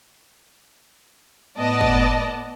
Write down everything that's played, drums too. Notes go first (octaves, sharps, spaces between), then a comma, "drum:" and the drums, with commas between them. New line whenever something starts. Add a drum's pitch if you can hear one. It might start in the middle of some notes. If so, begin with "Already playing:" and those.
A2 B3 D5 D#5 A5
drum: kick